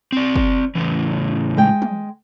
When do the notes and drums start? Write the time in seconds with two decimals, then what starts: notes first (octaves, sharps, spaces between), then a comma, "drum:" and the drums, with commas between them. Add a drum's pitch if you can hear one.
0.12 C4 D5
0.36 drum: kick
0.75 A2 C#3 E3
1.57 G#3 G5
1.82 drum: tom